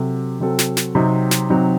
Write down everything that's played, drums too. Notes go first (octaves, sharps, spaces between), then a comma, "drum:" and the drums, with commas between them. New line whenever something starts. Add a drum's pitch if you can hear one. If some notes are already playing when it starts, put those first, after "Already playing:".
Already playing: C3 F#3 C4 F#4 A4
C3 F#3 C4 F#4 A4
drum: snare
drum: snare
C3 F#3 C4 D#4
drum: snare
C3 F#3 C4 D#4